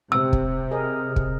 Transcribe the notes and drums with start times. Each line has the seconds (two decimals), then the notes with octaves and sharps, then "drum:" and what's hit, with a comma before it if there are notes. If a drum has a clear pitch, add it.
0.12 C3 C4 E6
0.33 drum: kick
0.71 G#4 A#4 D#5
1.16 drum: kick